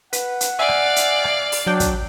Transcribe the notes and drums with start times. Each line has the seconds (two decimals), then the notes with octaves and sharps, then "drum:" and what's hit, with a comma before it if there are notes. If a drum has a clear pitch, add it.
0.13 B4 F#5, drum: hi-hat
0.41 drum: hi-hat
0.59 D5 E5 F5 G#5
0.68 drum: rim click
0.96 drum: hi-hat
1.24 drum: rim click
1.52 drum: open hi-hat
1.66 F#3 D4 G5
1.80 drum: kick, hi-hat